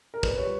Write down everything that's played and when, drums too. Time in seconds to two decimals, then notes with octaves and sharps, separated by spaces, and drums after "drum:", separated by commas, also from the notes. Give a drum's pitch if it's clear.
0.14 A#4
0.23 A#2 B4, drum: kick
0.38 G3 C#5